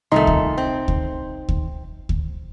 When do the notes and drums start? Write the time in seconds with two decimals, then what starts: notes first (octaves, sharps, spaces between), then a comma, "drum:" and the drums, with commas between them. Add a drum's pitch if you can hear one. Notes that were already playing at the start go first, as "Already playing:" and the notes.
0.12 C2 A#2 D#3 A3 D#4 C6
0.27 drum: kick D2
0.58 C4
0.88 drum: kick D2
1.49 drum: kick D2
2.09 drum: kick D2